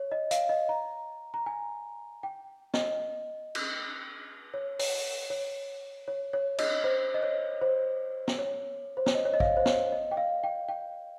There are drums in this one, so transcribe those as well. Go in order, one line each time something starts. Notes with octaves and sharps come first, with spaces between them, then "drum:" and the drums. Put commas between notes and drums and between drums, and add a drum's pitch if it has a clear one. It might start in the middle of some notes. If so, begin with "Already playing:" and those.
Already playing: C#5
D#5
F5, drum: hi-hat
D#5
A#5
A#5
G#5
G5
D#5, drum: snare
drum: cymbal
C#5
C#5, drum: open hi-hat
C#5
C#5
C#5
D#5, drum: cymbal
C5
D#5
C#5
C5
drum: snare
C#5
C5
C#5, drum: snare
D#5
C#5
D#5
F5, drum: kick
C5
C#5, drum: snare
D#5
G5
F5
G5
G5